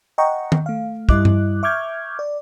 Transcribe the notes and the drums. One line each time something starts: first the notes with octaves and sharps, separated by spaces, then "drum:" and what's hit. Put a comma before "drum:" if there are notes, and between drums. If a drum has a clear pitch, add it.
D#5 F#5 G5 A#5 C#6
drum: tom D#3
A3 F5
G2 G3 E4 D#5 D6 F#6, drum: kick
drum: tom G2
E5 C#6 D6 F6 G6 G#6
D5